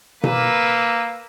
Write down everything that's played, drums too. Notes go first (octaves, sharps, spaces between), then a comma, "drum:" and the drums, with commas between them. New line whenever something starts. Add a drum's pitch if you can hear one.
A#3 B4 E6, drum: tom B2